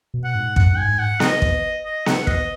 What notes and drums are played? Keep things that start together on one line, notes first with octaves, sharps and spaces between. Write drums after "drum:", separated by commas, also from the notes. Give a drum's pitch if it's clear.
B2
F#5
G#2
F#2 F#5, drum: kick
G#2
G#5
G#2
F#5
D#5, drum: snare B3
drum: kick
D#5
F#5, drum: snare B3
D#5, drum: kick